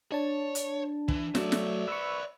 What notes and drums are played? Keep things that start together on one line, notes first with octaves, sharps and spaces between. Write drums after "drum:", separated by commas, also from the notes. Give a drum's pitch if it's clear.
D4 C#5 A5
drum: hi-hat
E3, drum: kick
F#3 A3 C5 D5, drum: snare
drum: snare
B4 C#6 E6